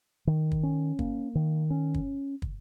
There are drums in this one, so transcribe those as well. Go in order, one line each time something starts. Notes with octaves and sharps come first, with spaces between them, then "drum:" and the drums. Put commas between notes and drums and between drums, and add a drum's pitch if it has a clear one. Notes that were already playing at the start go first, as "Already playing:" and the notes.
D#3
drum: kick
C#4
A#3, drum: kick
D#3
C#4
drum: kick
drum: kick